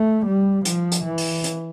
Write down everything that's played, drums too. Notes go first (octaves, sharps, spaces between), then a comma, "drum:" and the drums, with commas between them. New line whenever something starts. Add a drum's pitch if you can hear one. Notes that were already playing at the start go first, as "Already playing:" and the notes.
Already playing: A3
G3
F3, drum: hi-hat
drum: hi-hat
E3
drum: open hi-hat
drum: hi-hat